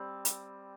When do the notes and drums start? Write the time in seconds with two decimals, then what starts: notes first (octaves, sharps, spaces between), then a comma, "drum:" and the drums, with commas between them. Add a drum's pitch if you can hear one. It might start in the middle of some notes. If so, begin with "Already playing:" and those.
Already playing: G3 C4
0.25 drum: hi-hat